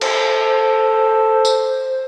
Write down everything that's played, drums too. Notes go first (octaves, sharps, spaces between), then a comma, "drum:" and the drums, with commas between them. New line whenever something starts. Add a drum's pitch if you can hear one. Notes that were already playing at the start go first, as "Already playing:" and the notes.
A4 C5, drum: cymbal
drum: tambourine